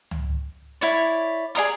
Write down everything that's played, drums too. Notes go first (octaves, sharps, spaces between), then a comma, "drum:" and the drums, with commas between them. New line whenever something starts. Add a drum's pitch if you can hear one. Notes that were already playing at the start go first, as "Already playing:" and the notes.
drum: tom C#2
E4 C#5 D5
G#4 D5 A#5 D#6, drum: hi-hat